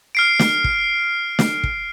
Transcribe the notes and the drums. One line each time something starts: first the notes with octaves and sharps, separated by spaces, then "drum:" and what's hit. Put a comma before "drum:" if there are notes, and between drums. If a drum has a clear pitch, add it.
F6 C7 D7
drum: snare
drum: kick
drum: snare
drum: kick